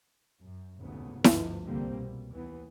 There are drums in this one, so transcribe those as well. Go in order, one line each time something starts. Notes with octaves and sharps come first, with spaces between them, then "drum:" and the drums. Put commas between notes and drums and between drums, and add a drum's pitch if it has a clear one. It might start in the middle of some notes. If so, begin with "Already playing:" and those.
F#2
F1 D2 G#2 C#3 B3
G1 D2 G#2 F3, drum: snare E4
C2 D3 G3 A#3 C4
B2
D#2 E3 B3